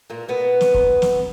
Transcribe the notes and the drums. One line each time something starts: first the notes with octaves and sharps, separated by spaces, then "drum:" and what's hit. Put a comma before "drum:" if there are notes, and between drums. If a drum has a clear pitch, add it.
A#2 A#3
B2 B3
drum: snare
drum: kick
drum: snare